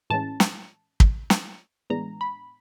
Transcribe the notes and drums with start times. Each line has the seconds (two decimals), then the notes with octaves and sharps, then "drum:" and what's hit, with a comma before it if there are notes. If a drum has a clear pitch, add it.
0.10 A2 E3 G#3 C#4 A5
0.40 drum: snare
1.00 drum: kick
1.30 drum: snare
1.90 A2 E3 G#3 B3 D4 A#5
2.21 B5